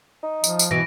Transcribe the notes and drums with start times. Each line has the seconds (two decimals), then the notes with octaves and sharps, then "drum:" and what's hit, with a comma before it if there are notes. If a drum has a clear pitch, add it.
0.23 D#4
0.44 F3, drum: tambourine
0.59 drum: tambourine
0.71 B2 E3 A#6 D7